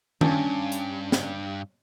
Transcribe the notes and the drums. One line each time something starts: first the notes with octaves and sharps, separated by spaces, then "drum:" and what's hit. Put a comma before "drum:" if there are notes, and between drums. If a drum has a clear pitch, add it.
G2 C#4 D4, drum: tom D#3
drum: hi-hat
drum: snare